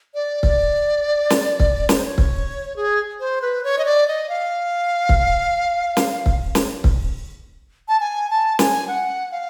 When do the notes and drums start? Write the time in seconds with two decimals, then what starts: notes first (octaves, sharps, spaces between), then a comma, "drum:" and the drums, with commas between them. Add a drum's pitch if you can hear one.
0.14 D5
0.43 drum: kick C#1
1.30 drum: snare
1.60 drum: kick C#1
1.89 C#5, drum: snare
1.97 C5
2.05 C#5
2.18 drum: kick C#1
2.76 G#4
3.20 C5
3.42 B4
3.64 C#5
3.78 D#5
3.85 D5
4.08 D#5
4.29 F5
5.09 drum: kick C#1
5.97 drum: snare
6.26 drum: kick C#1
6.55 drum: snare
6.84 drum: kick C#1
7.88 A5
8.00 G#5
8.30 A5
8.59 G#5, drum: snare
8.88 F#5
9.32 F5